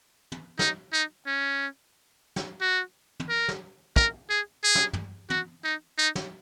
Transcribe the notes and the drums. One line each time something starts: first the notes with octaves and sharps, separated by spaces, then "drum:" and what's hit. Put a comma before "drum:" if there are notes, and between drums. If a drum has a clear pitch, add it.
drum: tom
D#4, drum: snare
D#4
C#4
drum: snare
F#4
drum: tom
A#4
drum: snare
A#4, drum: kick
G#4
G#4
drum: snare
drum: tom
F#4, drum: tom
D#4
D#4
drum: snare